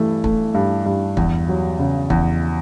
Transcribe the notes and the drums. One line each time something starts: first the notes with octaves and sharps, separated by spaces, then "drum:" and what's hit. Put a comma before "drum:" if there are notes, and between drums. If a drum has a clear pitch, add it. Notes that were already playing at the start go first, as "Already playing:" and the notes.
Already playing: G2 E3 A3
A3, drum: kick
G2
G2
E2, drum: kick
F#3
C#3
E2, drum: kick